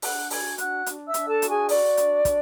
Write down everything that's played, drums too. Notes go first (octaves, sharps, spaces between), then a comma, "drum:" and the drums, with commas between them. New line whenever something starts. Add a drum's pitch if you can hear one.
D4 F#5 F#6, drum: open hi-hat
F#4 G#5 G#6, drum: open hi-hat
D4 F#5 F#6, drum: hi-hat
D4, drum: hi-hat
E5 E6
D4, drum: hi-hat
A4 A5
F#4, drum: hi-hat
G#4 G#5
F#4 D5, drum: open hi-hat
D4, drum: hi-hat
D4, drum: kick, hi-hat